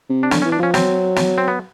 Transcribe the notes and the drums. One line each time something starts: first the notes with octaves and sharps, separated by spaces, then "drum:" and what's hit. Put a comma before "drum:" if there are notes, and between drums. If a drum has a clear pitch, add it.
C3
D4
D3 C#4, drum: snare
C#4
E3
D4
F3 C#4
F#3 C4, drum: snare
drum: snare
C4
B3